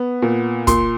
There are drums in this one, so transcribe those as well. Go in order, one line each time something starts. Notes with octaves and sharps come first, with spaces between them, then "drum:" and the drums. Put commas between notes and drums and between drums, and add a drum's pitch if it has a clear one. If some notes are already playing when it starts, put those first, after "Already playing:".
Already playing: B3
A#2
A#2 C6, drum: kick, hi-hat